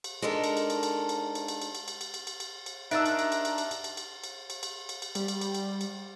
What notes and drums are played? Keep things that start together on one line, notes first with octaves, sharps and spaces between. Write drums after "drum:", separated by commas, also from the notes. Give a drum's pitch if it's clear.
drum: cymbal
G#3 D4 D#4 A4 A#4
drum: cymbal
drum: cymbal
drum: cymbal
drum: cymbal
drum: cymbal
drum: cymbal
drum: cymbal
drum: cymbal
drum: cymbal
drum: cymbal
drum: cymbal
drum: cymbal
drum: cymbal
drum: cymbal
drum: cymbal
D4 D#4 A#4 E5 A5 E6 F#6, drum: cymbal
drum: cymbal
drum: cymbal
drum: cymbal
drum: cymbal
drum: cymbal
drum: cymbal
drum: cymbal
drum: cymbal
drum: cymbal
drum: cymbal
drum: cymbal
drum: cymbal
drum: cymbal
G3, drum: cymbal
drum: cymbal
drum: cymbal
drum: cymbal
drum: cymbal